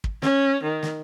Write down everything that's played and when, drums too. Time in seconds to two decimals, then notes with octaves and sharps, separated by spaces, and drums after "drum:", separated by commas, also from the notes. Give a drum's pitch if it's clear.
0.04 drum: kick
0.22 C#4, drum: snare
0.63 D#3
0.83 drum: snare